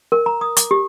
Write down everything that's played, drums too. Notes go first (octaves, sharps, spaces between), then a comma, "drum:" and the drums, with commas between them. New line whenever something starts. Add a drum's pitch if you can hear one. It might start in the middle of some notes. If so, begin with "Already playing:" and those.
A#4
A#5
D#6
D6, drum: hi-hat
G4